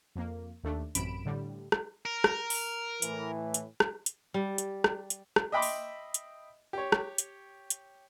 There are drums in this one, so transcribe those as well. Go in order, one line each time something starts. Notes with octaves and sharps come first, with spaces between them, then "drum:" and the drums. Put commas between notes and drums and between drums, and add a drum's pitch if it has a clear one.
F2 A#3
D#2 A3 D4
A1 F#2 C3 B5 D7 E7, drum: hi-hat
A2 D3 G3
drum: rim click
A#4
drum: rim click
drum: open hi-hat
A2 E3, drum: hi-hat
drum: hi-hat
drum: rim click
drum: hi-hat
G3
drum: hi-hat
drum: rim click
drum: hi-hat
drum: rim click
D#5 E5 G5 B5 C6 D6
drum: open hi-hat
drum: hi-hat
G4 C#5
drum: rim click
drum: hi-hat
drum: hi-hat